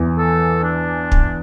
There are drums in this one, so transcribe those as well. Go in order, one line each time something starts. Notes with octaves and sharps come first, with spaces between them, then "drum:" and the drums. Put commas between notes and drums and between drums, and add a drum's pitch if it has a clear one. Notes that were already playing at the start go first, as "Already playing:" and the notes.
Already playing: E2 E3
A4
D4
drum: kick